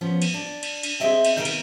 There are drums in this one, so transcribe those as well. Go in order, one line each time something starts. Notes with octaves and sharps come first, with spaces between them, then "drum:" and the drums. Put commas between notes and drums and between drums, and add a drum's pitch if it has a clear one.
F3 B3 C#4
drum: cymbal
D4
drum: cymbal
drum: cymbal
C4 G#4 D#5 E5 G5
drum: cymbal
B2 D#3 D#5 G5 A5 A#5
drum: cymbal